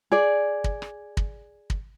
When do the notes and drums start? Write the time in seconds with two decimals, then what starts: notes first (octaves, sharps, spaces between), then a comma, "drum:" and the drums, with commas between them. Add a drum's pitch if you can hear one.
0.12 G#4 D5
0.64 drum: kick
0.82 drum: rim click
1.17 drum: kick
1.70 drum: kick